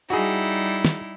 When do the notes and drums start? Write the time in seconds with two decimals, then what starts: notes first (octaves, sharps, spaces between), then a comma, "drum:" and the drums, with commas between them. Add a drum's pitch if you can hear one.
0.10 G3 D#4 E4 F#4 G#4
0.85 drum: snare